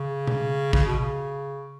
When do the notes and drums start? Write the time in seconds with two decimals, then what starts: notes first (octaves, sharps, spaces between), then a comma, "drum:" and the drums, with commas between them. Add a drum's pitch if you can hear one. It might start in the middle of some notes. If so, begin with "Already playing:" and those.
Already playing: C#3
0.27 drum: tom B2
0.73 C#3, drum: kick
0.86 B2
0.99 C#3